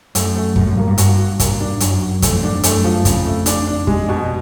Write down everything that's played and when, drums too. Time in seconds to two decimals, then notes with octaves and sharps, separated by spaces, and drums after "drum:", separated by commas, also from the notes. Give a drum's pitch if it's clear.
0.15 F#2 A3, drum: hi-hat
0.35 A3
0.56 F#2 F#3, drum: kick
0.67 F#2
0.77 G2 A#3
0.87 G2
0.98 G2 F#4, drum: hi-hat
1.19 F#4
1.40 A#3, drum: kick, hi-hat
1.60 D4
1.80 F#2 F#3, drum: hi-hat
2.02 F#4
2.22 F2 A3, drum: kick, hi-hat
2.33 F2
2.43 F#2 D4
2.53 F2
2.63 F#2 A3, drum: hi-hat
2.84 F#2 F3
3.05 F2 C#3, drum: kick, hi-hat
3.25 A3
3.46 D4, drum: hi-hat
3.67 D4
3.87 G#3, drum: kick
4.09 B2